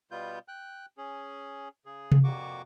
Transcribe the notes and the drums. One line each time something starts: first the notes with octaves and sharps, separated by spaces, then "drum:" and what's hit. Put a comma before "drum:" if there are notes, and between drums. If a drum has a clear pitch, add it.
B2 G3 B3 F4 G6
G5 F#6
C#4 G#4
C#3 G#4
drum: tom C3
F2 A#2 A#3 F#4 C#6 D6